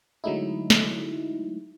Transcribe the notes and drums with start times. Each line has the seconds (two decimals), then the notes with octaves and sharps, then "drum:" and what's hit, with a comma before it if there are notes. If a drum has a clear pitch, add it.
0.24 D3 F#3 G#3 A3 D#4 E4
0.70 drum: snare